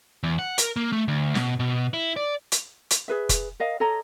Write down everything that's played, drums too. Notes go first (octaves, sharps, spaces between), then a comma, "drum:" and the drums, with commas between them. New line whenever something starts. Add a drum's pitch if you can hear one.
E2
F#5
A#4, drum: hi-hat
A#3
A3
D2
B2, drum: snare
B2
E4
D5
drum: hi-hat
drum: hi-hat
G#4 B4 E5
drum: kick F1, hi-hat
A#4 D#5 F5
A4 C#5 D#5 A#5